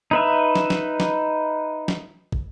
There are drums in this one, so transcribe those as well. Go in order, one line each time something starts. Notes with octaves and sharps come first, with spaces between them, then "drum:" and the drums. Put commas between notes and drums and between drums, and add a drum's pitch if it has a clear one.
D#4 B4 E5
drum: snare
drum: snare
drum: snare
drum: snare
drum: kick